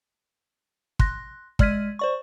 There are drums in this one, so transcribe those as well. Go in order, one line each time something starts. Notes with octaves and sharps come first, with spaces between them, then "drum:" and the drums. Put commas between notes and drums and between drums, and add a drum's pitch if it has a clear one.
C6 F#6 A#6, drum: kick
G#3 D5 F6 G#6 B6 D#7, drum: kick
C5 D5 C#6